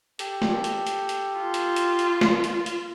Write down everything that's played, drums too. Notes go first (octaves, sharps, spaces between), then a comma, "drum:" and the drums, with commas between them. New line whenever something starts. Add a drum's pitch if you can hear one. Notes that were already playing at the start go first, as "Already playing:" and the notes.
G4 A4, drum: hi-hat
drum: snare
drum: hi-hat
drum: hi-hat
drum: hi-hat
F4
drum: hi-hat
drum: hi-hat
drum: hi-hat
drum: snare
drum: hi-hat
drum: hi-hat